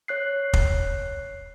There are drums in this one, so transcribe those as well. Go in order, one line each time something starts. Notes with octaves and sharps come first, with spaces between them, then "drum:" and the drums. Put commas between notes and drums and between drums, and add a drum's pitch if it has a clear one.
C#5 F#6 C7
drum: kick